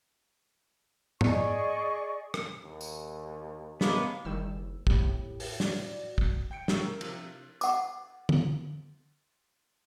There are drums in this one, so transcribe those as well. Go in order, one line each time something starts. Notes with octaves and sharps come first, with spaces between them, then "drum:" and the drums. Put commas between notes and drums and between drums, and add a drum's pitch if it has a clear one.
G#4 D5 D#5 C#6, drum: tom G#2
drum: rim click
D#2
drum: tambourine
A2 G#3 A#3 B3, drum: snare
F#1 D#3 G3 E6
E2 A2 G4, drum: kick
drum: open hi-hat
F#4 D5, drum: snare
drum: kick
G5 G6 C#7 D7
A2 E6, drum: snare
A#4
C3 F3, drum: cymbal
F#5 D6, drum: tambourine
drum: tom